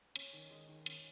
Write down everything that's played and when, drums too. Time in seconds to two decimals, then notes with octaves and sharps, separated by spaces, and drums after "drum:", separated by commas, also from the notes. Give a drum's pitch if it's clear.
0.16 C#4, drum: hi-hat
0.33 D#3
0.51 G#3
0.68 D#3
0.86 C#4, drum: hi-hat